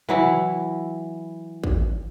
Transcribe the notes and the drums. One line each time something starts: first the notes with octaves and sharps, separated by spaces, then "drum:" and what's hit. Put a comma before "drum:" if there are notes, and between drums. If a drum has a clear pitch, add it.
E3 F#3 E4, drum: tom
drum: kick